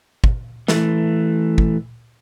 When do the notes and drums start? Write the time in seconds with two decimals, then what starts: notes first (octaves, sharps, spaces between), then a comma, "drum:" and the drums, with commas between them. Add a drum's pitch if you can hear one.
0.24 drum: kick
0.68 E3 A3, drum: snare
1.58 drum: kick